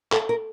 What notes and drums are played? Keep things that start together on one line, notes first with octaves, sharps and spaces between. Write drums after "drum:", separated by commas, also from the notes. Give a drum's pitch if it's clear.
A4, drum: clap
A#4